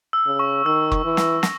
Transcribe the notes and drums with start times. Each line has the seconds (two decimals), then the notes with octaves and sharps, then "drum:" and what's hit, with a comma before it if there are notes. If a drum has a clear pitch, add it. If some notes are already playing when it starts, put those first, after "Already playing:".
0.13 E6
0.27 C#3
0.39 C#6
0.65 D#3 E6
0.92 C#6, drum: kick
1.04 E3
1.17 A#6, drum: snare
1.43 A#6, drum: snare